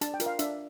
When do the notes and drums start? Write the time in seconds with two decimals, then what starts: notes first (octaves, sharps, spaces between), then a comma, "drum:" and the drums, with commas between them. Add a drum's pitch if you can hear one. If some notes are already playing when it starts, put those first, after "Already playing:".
0.01 D4 A5, drum: hi-hat
0.14 G5
0.20 F4 A#4, drum: hi-hat
0.26 F5
0.39 D4 E5, drum: hi-hat